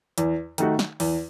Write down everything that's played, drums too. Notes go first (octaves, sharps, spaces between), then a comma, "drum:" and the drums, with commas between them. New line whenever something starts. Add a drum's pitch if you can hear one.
E2, drum: hi-hat
D#3 A3 D#4 F#4, drum: hi-hat
drum: snare
E2, drum: open hi-hat